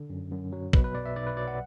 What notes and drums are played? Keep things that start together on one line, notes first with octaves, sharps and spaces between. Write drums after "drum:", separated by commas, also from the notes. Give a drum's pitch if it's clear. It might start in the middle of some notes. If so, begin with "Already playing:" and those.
Already playing: D3
F#2
F#2
F#3
B2 B4, drum: kick
B4
B1 D5
E5
B1 D5
B4
F#3 D5
F#5